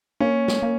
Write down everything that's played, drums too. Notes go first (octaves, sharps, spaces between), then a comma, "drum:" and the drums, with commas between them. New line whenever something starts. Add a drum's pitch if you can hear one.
A#3 C#4
drum: snare
A#3